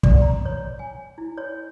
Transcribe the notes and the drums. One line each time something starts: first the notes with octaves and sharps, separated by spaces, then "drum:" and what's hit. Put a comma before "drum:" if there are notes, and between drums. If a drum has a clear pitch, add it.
D5, drum: kick
A#5
C#5
G#5
E4
C#5